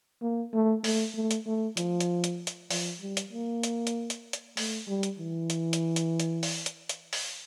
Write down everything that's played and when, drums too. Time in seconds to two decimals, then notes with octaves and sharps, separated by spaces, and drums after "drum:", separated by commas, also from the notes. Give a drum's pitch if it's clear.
0.22 A#3
0.53 A3
0.84 A3, drum: open hi-hat
1.15 A3
1.31 drum: hi-hat
1.46 A3
1.77 F3, drum: hi-hat
2.00 drum: hi-hat
2.24 drum: hi-hat
2.47 drum: hi-hat
2.71 F3, drum: open hi-hat
3.01 G3
3.17 drum: hi-hat
3.32 A#3
3.63 drum: hi-hat
3.87 drum: hi-hat
4.10 drum: hi-hat
4.33 drum: hi-hat
4.57 A3, drum: open hi-hat
4.88 G3
5.03 drum: hi-hat
5.18 E3
5.50 drum: hi-hat
5.73 drum: hi-hat
5.96 drum: hi-hat
6.20 drum: hi-hat
6.43 drum: open hi-hat
6.66 drum: hi-hat
6.89 drum: hi-hat
7.13 drum: open hi-hat